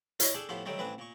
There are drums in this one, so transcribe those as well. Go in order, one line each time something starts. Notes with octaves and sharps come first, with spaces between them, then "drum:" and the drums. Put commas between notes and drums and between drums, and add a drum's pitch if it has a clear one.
E4 C#5 D#5, drum: hi-hat
D4 G#4 A4 D5 G5 C#6
A2 F3 B3 G4 A4 C6
D3 D#3 F#3 G3 A3 C4
A1 C4 D4 B4 G#5 B5
A#2 C#6